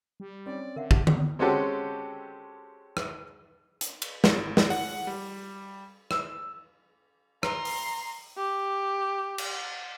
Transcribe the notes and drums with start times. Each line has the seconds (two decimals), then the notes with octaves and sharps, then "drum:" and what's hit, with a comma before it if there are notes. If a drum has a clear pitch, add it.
0.20 G3
0.46 C4 C#4 D5
0.76 D3 A#4 E5 F#5
0.91 G4 F#5 A5, drum: kick
1.07 drum: tom D3
1.39 G#3 C4 C#4 F#4 G4 A4
2.97 drum: rim click
3.81 drum: hi-hat
4.02 drum: cymbal
4.24 G#1, drum: snare
4.57 drum: snare
4.70 F#5, drum: open hi-hat
5.07 G3
6.11 E6, drum: rim click
7.43 A#5 C6, drum: rim click
7.65 drum: open hi-hat
8.37 G4
9.38 drum: cymbal